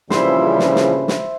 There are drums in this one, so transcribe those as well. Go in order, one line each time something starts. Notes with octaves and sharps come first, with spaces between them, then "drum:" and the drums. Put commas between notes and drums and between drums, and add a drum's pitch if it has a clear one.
G2 A#2 C#3 E3 F3 G3 E4 C5, drum: snare
drum: snare
drum: snare
drum: snare